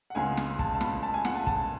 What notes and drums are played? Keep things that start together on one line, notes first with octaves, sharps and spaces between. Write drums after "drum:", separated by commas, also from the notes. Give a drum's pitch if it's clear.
F#5
C#2 C#3 G#3 G#5
drum: snare
A5, drum: kick
A5
B5, drum: snare
A5
G#5
F#5, drum: snare
A5
A5, drum: kick